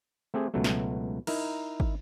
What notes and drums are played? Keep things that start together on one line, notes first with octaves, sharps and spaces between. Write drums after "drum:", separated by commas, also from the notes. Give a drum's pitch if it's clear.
A3 C4 G4 G#4
C#2 B2 F#3 A3
drum: snare
D#4 E4 A#4, drum: cymbal
drum: kick